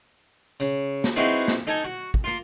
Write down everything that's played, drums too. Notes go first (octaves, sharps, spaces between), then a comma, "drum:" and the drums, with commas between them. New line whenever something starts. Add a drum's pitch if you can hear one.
C#3, drum: tambourine
drum: snare
C4 D#4 E4 F#4 G#4 B4
drum: snare
D#4 A4 D#5 G#5
F#4
drum: kick
A#3 F4